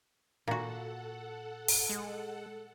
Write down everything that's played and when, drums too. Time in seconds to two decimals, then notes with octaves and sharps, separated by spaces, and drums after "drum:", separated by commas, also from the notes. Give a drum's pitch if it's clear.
0.48 A#2 F#4 A4 F#5
1.68 drum: open hi-hat
1.89 G#3